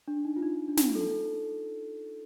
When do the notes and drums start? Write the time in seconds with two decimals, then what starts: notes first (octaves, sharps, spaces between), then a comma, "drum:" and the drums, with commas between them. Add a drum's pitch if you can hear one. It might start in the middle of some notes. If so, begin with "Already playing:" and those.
0.08 D4
0.25 D#4
0.36 F4
0.43 D#4
0.68 D4
0.77 D#4, drum: snare
0.86 F4
0.95 A4